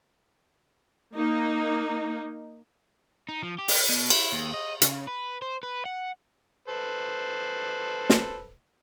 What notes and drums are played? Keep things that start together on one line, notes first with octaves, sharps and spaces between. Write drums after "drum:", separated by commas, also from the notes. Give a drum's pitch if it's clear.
A#3 D#4
D#4
F3
G4
drum: open hi-hat
B2
E4, drum: cymbal
D#2
D#5
C#3, drum: hi-hat
B4
C5
B4
F#5
A4 B4 C5
drum: snare